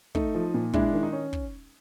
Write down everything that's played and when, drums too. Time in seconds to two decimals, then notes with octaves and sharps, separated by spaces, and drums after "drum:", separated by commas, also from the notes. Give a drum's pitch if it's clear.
0.15 A3 D#4, drum: kick
0.35 F3
0.54 A#2
0.73 G#3 D4 E4, drum: kick
0.93 D#3
1.03 D#4
1.13 C#4
1.33 drum: kick